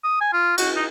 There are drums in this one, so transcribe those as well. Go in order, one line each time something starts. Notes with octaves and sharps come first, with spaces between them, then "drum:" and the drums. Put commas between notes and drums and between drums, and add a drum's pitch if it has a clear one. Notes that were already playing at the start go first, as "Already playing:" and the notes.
D#6
G#5
F4
F#4, drum: cymbal
D#4